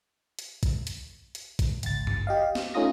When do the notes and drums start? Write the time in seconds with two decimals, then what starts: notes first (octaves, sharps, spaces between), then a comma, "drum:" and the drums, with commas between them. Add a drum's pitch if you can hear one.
0.39 drum: hi-hat
0.63 drum: kick, hi-hat
0.87 drum: hi-hat
1.35 drum: hi-hat
1.59 drum: kick, hi-hat
1.83 G#1 C#2 A6, drum: hi-hat
2.07 drum: tom G2
2.27 G4 D#5 F5
2.55 drum: snare
2.74 A3 C#4 D#4 F4 D#6 A#6